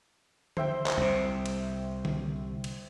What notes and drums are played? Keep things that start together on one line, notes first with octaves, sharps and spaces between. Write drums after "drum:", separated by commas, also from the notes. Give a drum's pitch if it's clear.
C5 E5 G5, drum: tom D3
drum: clap
C2 C3
drum: cymbal
drum: tom D3
drum: cymbal